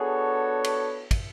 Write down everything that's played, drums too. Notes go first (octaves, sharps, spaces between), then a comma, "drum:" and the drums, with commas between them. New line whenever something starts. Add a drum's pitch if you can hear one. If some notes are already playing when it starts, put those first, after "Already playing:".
Already playing: B3 D4 F#4 G#4 A4 C#5
drum: cymbal
drum: kick, cymbal